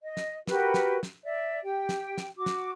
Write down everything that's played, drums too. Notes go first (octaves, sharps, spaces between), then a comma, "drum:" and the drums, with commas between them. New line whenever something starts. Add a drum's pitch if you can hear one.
D#5
drum: snare
F#4 G4 A#4 B4, drum: snare
drum: snare
drum: snare
D5 E5
G4 G5
drum: snare
drum: snare
F#4 D6
drum: snare